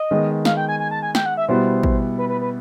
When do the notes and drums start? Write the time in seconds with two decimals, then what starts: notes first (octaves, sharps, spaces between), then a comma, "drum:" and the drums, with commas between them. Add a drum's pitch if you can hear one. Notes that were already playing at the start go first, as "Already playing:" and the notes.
Already playing: D#5
0.11 D#3 G#3 B3
0.45 F5, drum: snare
0.57 G5
0.68 G#5
0.80 G#5
0.91 A5
1.03 G#5
1.15 G5, drum: snare
1.26 F#5
1.37 E5
1.49 B2 G3 B3 E4 C5
1.83 drum: kick
2.18 B4
2.29 B4
2.41 B4